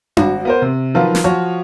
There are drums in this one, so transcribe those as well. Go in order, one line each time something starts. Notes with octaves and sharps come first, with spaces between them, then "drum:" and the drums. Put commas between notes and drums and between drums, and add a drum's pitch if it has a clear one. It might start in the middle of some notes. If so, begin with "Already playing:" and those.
G#1 F#4, drum: tom D4
B3 A#4 C5
C3
D#3 F3 F#3 F4 B4
drum: snare
F3 F#4 C#5